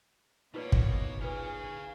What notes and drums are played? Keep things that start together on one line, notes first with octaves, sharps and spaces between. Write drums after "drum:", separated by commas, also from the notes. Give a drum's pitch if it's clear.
B2 A#3 D#4 F4 B4 C#5 D5
drum: kick
F4 G#4 B4 C#5 F5